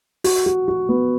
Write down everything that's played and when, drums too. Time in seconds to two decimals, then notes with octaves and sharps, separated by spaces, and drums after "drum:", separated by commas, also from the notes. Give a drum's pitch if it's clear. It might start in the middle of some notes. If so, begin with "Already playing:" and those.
0.24 F#4, drum: open hi-hat
0.46 F#4
0.68 F#4
0.89 B3